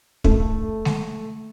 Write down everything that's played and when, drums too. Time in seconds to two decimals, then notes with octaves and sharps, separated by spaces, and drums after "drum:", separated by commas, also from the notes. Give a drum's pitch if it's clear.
0.24 A3, drum: kick
0.85 drum: snare